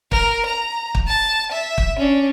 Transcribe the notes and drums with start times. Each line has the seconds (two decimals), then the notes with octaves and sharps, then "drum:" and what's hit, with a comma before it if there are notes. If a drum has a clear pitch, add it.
0.12 A#4, drum: kick
0.46 A#5
0.95 drum: kick
1.07 A5
1.52 E5
1.78 drum: kick
1.97 C#4 D4